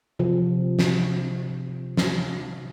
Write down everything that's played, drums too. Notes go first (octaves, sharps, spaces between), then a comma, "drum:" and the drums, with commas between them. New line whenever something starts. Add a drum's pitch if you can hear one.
C3 F3
drum: snare
drum: snare